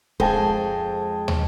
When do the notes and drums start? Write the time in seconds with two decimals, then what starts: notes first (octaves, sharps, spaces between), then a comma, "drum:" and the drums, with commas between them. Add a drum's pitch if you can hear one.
0.20 F2 G#3 A4 C5 G5 A5, drum: kick
1.28 drum: tom